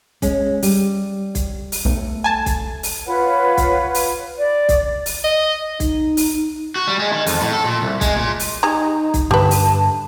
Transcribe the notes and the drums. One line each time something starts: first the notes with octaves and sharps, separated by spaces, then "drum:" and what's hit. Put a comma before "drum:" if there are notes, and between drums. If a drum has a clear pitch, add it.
G#3 C#4, drum: kick, hi-hat
G3, drum: open hi-hat
drum: kick, hi-hat
drum: open hi-hat
B1 A3
G#5 A5
drum: kick, hi-hat
drum: open hi-hat
F4 B4 C#5 F#5
drum: kick, hi-hat
drum: open hi-hat
D5
drum: kick, hi-hat
drum: open hi-hat
D#5
D#4, drum: kick, hi-hat
drum: open hi-hat
F#4
G3
G#3
D#3
F2, drum: open hi-hat
A2
A4
A#2
C2
G#3, drum: kick, hi-hat
A#2
drum: open hi-hat
G3 D#4 G#4 A#5
drum: kick, hi-hat
G2 D3 G4 B4 A5
drum: open hi-hat